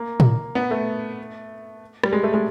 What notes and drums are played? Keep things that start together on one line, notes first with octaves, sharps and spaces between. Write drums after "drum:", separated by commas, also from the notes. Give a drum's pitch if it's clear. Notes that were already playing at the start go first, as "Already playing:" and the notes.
Already playing: A#3
drum: tom A2
B3
A3
G3, drum: rim click
G#3
A3
G#3